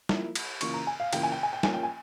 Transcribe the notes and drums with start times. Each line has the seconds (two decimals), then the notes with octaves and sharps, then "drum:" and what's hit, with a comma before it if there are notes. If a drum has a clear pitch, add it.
0.09 F3 A#3 E4, drum: snare
0.35 drum: cymbal
0.61 C#3 E3 A#3 F4 C#6, drum: cymbal
0.74 A#5
0.87 G#5
1.00 F5
1.13 C#3 E3 A#3 F4 G5, drum: cymbal
1.23 G#5
1.32 G5
1.43 G#5
1.53 G5
1.63 F3 A#3 C#4 G#5, drum: snare
1.74 G5
1.83 G#5